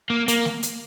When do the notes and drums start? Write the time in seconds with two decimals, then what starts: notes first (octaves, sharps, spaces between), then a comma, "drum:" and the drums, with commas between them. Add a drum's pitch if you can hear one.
0.10 A#3
0.28 A#3, drum: hi-hat
0.45 drum: snare A3
0.63 drum: hi-hat